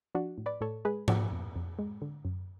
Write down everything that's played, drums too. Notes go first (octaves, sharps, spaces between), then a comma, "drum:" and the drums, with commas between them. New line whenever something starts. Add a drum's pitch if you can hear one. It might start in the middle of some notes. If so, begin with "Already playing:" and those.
F3 D4 F#4
A2
B4 D5
A2 A4 C#5
G#3 G#4 B4
F3 D4 F#4, drum: tom G#2
F2
F2
G#3
D3
F#2